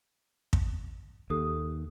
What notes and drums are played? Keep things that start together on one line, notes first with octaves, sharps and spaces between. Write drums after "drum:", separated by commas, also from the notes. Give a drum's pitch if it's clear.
drum: kick
D#2 G4 A4 D#6